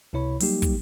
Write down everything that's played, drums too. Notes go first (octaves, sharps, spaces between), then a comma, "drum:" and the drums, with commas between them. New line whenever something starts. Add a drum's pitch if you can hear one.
C#2 C3 E4 C#5 B5
F#3 G3 A#3 D#4 G4, drum: open hi-hat
drum: kick, hi-hat